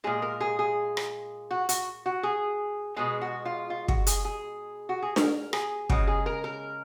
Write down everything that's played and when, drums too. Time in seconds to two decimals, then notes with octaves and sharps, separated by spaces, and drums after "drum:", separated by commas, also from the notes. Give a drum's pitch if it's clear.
0.04 A#2 G#3 G#4
0.22 A#4
0.41 G#4
0.59 G#4
0.97 drum: rim click
1.51 F#4
1.69 F#4, drum: hi-hat
2.06 F#4
2.23 G#4
2.96 B2 G#3 G#4
3.21 F#4
3.45 F4
3.70 F4
3.88 F#4, drum: kick
4.07 G#4, drum: hi-hat
4.25 G#4
4.89 F#4
5.02 G#4
5.16 A#4, drum: snare D4
5.53 G#4, drum: rim click
5.90 C#3 G#3 F#4, drum: kick
6.07 G#4
6.26 A#4
6.44 A#4